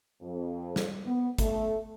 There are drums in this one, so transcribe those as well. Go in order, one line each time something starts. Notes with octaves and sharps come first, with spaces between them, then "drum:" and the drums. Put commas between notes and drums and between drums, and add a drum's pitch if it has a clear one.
F2
drum: snare
B3
A3, drum: kick, hi-hat